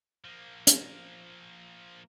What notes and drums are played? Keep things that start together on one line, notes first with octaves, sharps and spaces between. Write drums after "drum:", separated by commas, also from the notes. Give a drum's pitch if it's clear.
F3 A#3
drum: hi-hat